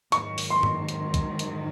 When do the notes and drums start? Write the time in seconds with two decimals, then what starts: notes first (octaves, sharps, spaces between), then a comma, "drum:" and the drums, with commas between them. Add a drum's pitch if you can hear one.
0.12 G#2 D#3 F#3 C#6, drum: hi-hat
0.38 drum: open hi-hat
0.50 C6
0.63 drum: tom G2
0.89 drum: hi-hat
1.14 drum: kick B1, hi-hat
1.39 drum: hi-hat